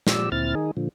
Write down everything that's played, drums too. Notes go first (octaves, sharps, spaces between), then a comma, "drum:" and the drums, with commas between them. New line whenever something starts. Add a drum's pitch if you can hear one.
A#2 F3 G4 D5 E6, drum: snare
D2 A#2 C4 E4 F6 A6
D#3 D#4 G#4
A#2 D3 F3